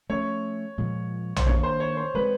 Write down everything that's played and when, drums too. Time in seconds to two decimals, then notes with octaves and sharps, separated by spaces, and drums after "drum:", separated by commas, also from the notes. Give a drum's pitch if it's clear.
0.09 F3 A3 C#4 C#5
0.78 A#2 F3 G#3
1.36 C5, drum: tom A#1
1.46 D#3 F#3 A#3 D4 C#5
1.63 C5
1.80 C#5
1.97 C5
2.14 E3 G#3 C4 B4